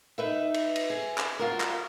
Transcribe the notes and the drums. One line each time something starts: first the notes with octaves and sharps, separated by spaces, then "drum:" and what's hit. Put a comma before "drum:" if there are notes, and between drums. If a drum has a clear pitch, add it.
D#4 B4 E5
drum: cymbal
drum: cymbal
G#4
drum: clap
F4 F#4 A#4
drum: clap